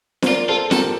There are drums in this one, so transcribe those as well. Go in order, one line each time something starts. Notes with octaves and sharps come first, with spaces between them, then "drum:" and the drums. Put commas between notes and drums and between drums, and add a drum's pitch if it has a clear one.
C5, drum: snare
F4 A#4 D5
F4 A4 C5
G4 A4 A#4, drum: snare